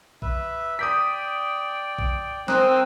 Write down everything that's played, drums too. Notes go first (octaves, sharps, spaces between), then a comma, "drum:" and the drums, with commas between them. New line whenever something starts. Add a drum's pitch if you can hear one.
B4 E5, drum: kick A#1
D5 G5 D#6 G6 B6
drum: kick A#1
C4 A#4 G#5 A#5 D#6 E6 F#6, drum: snare